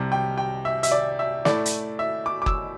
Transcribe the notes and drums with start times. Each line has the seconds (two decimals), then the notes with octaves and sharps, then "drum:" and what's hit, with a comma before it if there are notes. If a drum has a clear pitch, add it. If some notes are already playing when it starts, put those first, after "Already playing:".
Already playing: C2 C3 G3
0.12 G5
0.38 G5
0.65 E5
0.83 E5, drum: hi-hat
0.92 D5
1.19 E5
1.45 A2 A3 E4 D5, drum: snare
1.66 drum: hi-hat
1.99 E5
2.26 D6
2.42 D6
2.46 E6, drum: kick F#1